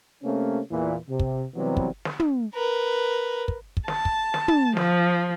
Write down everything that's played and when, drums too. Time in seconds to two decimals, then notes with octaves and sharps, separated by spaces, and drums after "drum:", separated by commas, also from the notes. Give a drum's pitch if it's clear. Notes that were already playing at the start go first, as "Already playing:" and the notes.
0.23 C3 A3 A#3 C4 C#4
0.71 E2 A#2 E3
1.09 C3
1.20 drum: kick
1.55 C3 E3 F#3 G3 B3 C4
1.77 drum: kick
2.05 drum: snare
2.20 drum: tom
2.54 A#4 B4
3.48 drum: kick
3.77 drum: kick
3.88 A5, drum: snare
4.05 drum: kick
4.34 drum: snare
4.48 drum: tom
4.77 F3, drum: snare